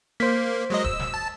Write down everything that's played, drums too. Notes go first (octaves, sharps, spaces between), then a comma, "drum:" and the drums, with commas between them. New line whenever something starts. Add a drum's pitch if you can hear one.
A#3 C5 B6
F#3 G#3 D#5
E6, drum: kick D1
drum: snare
A5